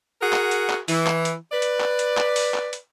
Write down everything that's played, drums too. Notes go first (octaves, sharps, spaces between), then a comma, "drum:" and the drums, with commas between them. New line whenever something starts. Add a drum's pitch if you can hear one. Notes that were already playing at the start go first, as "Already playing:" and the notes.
F#4 G#4 A#4 F#5
drum: clap
drum: hi-hat
drum: clap
E3, drum: open hi-hat
drum: clap
drum: hi-hat
B4 D5
drum: hi-hat
drum: clap
drum: hi-hat
drum: clap
drum: open hi-hat
drum: clap
drum: hi-hat